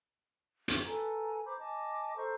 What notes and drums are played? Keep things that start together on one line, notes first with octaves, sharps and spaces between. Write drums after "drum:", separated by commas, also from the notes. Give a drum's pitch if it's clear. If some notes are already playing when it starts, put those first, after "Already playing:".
drum: hi-hat
A4 B4 G#5 A#5
C5 A#5 B5 D6
D#5 G#5 A5 D6
A4 C5 A#5 C#6